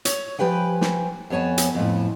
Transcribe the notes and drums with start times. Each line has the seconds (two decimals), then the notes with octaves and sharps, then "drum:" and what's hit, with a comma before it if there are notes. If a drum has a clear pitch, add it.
0.05 C#5, drum: hi-hat
0.39 F3 G4 B4 G5 G#5
0.81 drum: snare
1.30 F2 B3 C#5 G#5 A5
1.58 drum: hi-hat
1.75 F2 A2